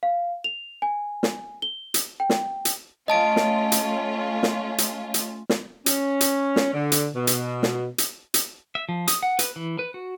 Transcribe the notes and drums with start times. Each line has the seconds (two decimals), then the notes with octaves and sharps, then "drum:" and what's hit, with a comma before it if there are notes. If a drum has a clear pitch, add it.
0.03 F5
0.44 F7
0.82 G#5
1.23 drum: snare
1.62 G7
1.94 drum: hi-hat
2.20 G5
2.30 drum: snare
2.65 drum: hi-hat
3.08 A3 C#4 F4 D#5 A5 D7
3.36 drum: snare
3.72 drum: hi-hat
4.43 drum: snare
4.78 drum: hi-hat
5.14 drum: hi-hat
5.49 drum: snare
5.86 C#4, drum: hi-hat
6.21 drum: hi-hat
6.56 drum: snare
6.74 D3
6.92 drum: hi-hat
7.16 B2
7.27 drum: hi-hat
7.63 drum: snare
7.98 drum: hi-hat
8.34 drum: hi-hat
8.75 E5
8.89 F3
9.08 D#6, drum: hi-hat
9.23 F#5
9.39 B4, drum: hi-hat
9.56 E3
9.79 B4
9.94 F#4